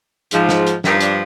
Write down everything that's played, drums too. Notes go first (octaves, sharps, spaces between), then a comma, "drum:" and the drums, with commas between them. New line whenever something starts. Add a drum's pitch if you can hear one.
G#2 F3, drum: hi-hat
drum: snare
drum: hi-hat
G2 D#3 F3 D#4, drum: snare
D4, drum: hi-hat